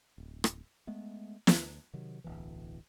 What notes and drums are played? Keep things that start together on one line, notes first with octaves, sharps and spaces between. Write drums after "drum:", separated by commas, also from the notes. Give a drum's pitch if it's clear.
D1
drum: rim click
G#3 A3 B3
D2, drum: snare
C3 D#3 F#3
D1 B1 E3